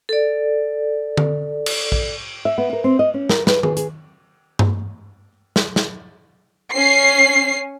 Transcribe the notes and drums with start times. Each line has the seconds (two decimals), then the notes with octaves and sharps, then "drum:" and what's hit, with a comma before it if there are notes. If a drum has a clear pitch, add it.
0.09 A4 D5
1.17 drum: tom D3
1.66 drum: cymbal
1.92 drum: kick A#1
2.45 E5
2.58 B3
2.73 A#4
2.84 C4
2.99 D#5
3.14 C#4
3.29 A#4, drum: snare
3.47 B4, drum: snare
3.63 G#4, drum: tom D#3
3.77 G#4, drum: hi-hat
4.59 drum: tom G2
5.56 drum: snare
5.76 drum: snare
6.71 C#4 C7